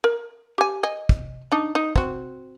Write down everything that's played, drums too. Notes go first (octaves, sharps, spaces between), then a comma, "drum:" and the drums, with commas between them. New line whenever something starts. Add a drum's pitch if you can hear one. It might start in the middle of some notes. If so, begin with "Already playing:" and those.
A#4
G4 G#5
D#5 G#5
drum: kick
D4 D#4
D#4
C4 F#4, drum: kick